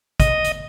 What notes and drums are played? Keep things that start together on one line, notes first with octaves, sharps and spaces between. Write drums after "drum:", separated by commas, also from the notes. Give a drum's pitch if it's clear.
D#5, drum: kick, hi-hat
drum: hi-hat